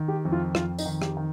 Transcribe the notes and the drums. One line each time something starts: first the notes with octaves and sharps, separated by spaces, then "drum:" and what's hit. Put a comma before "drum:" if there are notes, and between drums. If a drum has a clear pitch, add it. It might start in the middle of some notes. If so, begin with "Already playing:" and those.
Already playing: D#3
G4
F2
F4
F2 F4, drum: rim click
D#4, drum: tambourine
D#3
G4, drum: rim click
D#3